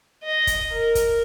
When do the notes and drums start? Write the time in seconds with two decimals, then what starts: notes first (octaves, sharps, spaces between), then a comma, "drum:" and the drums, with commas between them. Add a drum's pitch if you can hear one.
0.23 D#5
0.47 drum: kick, hi-hat
0.71 A#4
0.95 drum: kick, hi-hat